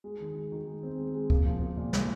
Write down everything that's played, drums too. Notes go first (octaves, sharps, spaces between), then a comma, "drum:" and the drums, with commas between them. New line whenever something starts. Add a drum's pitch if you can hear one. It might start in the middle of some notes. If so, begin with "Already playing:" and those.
G#3
D#3
G#3
D#3
G#3
C4
G#3
G#3
A#3, drum: kick
F3
A#3
A#2
A#2, drum: snare